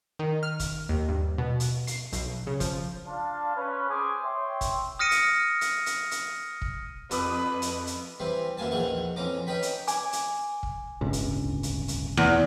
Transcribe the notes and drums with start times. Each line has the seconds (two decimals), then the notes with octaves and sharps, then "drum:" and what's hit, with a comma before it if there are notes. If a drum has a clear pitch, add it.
0.19 D#3
0.43 F6
0.60 drum: kick, hi-hat
0.89 D#2
1.09 G2
1.38 B2
1.60 drum: hi-hat
1.87 C7, drum: hi-hat
2.13 B1, drum: hi-hat
2.47 C#3
2.60 F3, drum: kick, hi-hat
3.06 D4 F4 F5 A5
3.56 C#4 B4
3.89 G#4 C5 G#5 D6
4.24 C#5 E5 G5 C6
4.61 drum: kick, hi-hat
4.99 D#6 F6 A#6 C#7 D#7
5.11 drum: hi-hat
5.61 drum: hi-hat
5.86 drum: hi-hat
6.11 drum: hi-hat
6.61 drum: kick
7.11 F2 B4 D6 D#6, drum: hi-hat
7.62 drum: hi-hat
7.87 drum: hi-hat
8.20 E3 G3 C4 B4
8.57 F#2 E3 A#3 G#5 A5
8.71 A#1 E2 D#3 E3 F#5 C#6
9.16 F2 E3 C#4 A#5 D6
9.47 C#4 D#4 B4 G5 B5
9.62 drum: hi-hat
9.88 G#5 D6, drum: hi-hat
10.13 drum: hi-hat
10.63 drum: kick
11.01 D1 G1 C#2
11.13 drum: hi-hat
11.63 drum: hi-hat
11.88 drum: hi-hat
12.17 E2